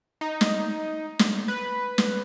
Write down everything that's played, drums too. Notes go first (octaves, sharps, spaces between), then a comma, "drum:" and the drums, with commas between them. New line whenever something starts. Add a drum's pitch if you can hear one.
D#4
drum: snare
drum: snare
B4
drum: snare